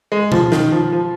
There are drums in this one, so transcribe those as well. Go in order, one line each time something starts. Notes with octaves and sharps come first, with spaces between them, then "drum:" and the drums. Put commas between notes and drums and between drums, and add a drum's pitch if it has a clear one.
G#3
F3, drum: tom B2
D#3, drum: snare
F3
F3